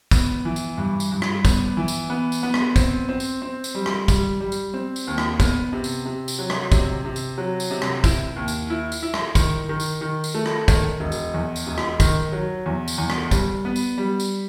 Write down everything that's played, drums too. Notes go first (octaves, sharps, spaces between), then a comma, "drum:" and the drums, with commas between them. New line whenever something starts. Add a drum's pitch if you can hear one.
B3, drum: kick, tambourine
E3
drum: tambourine
G2
drum: tambourine
G2
drum: rim click
B3, drum: kick, tambourine
E3
drum: tambourine
B3
drum: tambourine
B3
drum: rim click
C4, drum: kick, tambourine
C4
drum: tambourine
C4
drum: tambourine
G3
drum: rim click
G3, drum: kick, tambourine
G3
drum: tambourine
C4
drum: tambourine
D#2
drum: rim click
B3, drum: kick, tambourine
C3
drum: tambourine
C3
drum: tambourine
F#3
drum: rim click
C3, drum: kick, tambourine
C3
drum: tambourine
F#3
drum: tambourine
C3
drum: rim click
E4, drum: kick, tambourine
D#2
drum: tambourine
E4
drum: tambourine
E4
drum: rim click
D#3, drum: kick, tambourine
D#3
drum: tambourine
D#3
drum: tambourine
A3
drum: rim click
D#3, drum: kick, tambourine
E1
drum: tambourine
E2
drum: tambourine
E1
drum: rim click
D#3, drum: kick, tambourine
F#3
E2
drum: tambourine
E2
drum: rim click
G3, drum: kick, tambourine
B3
drum: tambourine
G3
drum: tambourine